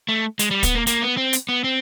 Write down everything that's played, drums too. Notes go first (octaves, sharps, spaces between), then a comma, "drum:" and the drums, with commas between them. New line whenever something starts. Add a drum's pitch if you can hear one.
A3
G#3, drum: hi-hat
G3
B3, drum: kick, hi-hat
A#3
A#3, drum: hi-hat
B3
C4
drum: hi-hat
B3
C4